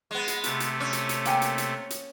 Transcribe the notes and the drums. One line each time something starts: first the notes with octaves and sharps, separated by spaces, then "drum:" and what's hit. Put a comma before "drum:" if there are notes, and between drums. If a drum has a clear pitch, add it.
G#3 B3
drum: hi-hat
C3 A3, drum: hi-hat
drum: hi-hat
C#4
drum: hi-hat
drum: hi-hat
A#3 G5 G#5, drum: hi-hat
drum: hi-hat
drum: hi-hat
drum: hi-hat